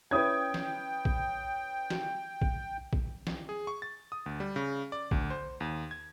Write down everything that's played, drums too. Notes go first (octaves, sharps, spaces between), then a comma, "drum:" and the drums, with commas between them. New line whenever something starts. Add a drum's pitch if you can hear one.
C#4 E4 B4 G5 D#6 G#6
drum: snare
drum: kick
drum: snare
drum: kick
drum: kick
drum: snare
G#4
C#6
A6
D#6
D2
G3
C#3
D5
D2, drum: kick
C5
D#2
G#6